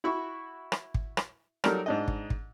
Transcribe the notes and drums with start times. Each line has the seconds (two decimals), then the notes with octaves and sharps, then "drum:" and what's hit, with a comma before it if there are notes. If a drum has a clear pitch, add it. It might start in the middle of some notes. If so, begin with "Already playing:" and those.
0.04 E4 F#4 E5 B5 C#6
0.72 drum: rim click
0.94 drum: kick
1.17 drum: rim click
1.64 F#3 G3 D#4 A4 A#4 D5, drum: rim click
1.86 G#2 D4 D#5
2.08 drum: kick
2.30 drum: kick